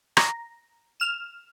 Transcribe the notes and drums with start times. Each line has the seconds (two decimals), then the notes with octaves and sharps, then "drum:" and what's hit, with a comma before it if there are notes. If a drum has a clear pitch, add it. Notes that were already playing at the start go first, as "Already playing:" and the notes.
0.17 A#5, drum: rim click
1.00 F6 E7